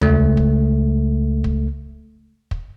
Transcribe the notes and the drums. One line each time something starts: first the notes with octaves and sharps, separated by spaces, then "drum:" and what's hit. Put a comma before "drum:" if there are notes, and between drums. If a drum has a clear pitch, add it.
C#2 A3, drum: tom D#2
drum: kick
drum: kick
drum: kick